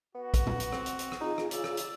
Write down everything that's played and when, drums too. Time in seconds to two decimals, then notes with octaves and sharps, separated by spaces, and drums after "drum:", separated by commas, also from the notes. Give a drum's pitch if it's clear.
0.15 B3 F#4
0.34 drum: kick, hi-hat
0.47 drum: tom A#2
0.60 drum: hi-hat
0.72 C4, drum: rim click
0.86 drum: hi-hat
0.99 drum: hi-hat
1.12 drum: rim click
1.21 D#4 F4 G#4
1.38 drum: rim click
1.51 C#3 D5 E6, drum: hi-hat
1.64 drum: rim click
1.77 drum: hi-hat